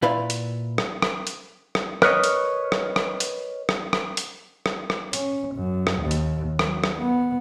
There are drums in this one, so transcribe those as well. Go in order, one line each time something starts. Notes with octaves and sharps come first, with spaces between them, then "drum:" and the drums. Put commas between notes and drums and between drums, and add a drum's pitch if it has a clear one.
A#2 E4 B4 D5 F5 B5
drum: hi-hat
drum: rim click
drum: rim click
drum: hi-hat
drum: rim click
A#4 B4 C#5 D#5, drum: rim click
drum: hi-hat
drum: rim click
drum: rim click
drum: hi-hat
drum: rim click
drum: rim click
drum: hi-hat
drum: rim click
drum: rim click
C#4, drum: hi-hat
F#2
drum: rim click
D#2
drum: hi-hat
F#3, drum: rim click
drum: rim click
B3